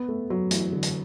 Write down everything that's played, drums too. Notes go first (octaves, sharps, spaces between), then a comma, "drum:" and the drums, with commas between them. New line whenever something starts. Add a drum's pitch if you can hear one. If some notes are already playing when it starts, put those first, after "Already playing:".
Already playing: B3
A3
F#3
E3, drum: hi-hat
D3
drum: hi-hat